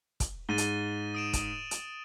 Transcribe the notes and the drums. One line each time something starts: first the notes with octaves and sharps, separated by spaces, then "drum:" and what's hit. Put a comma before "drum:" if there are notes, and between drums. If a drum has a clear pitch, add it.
drum: kick, hi-hat
G#2 A6 D#7 G7
drum: hi-hat
D#6 D7 E7
drum: kick, hi-hat
drum: hi-hat